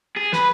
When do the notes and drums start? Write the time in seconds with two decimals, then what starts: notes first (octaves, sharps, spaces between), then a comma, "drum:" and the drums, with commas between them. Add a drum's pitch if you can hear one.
0.17 G#4
0.33 B4, drum: snare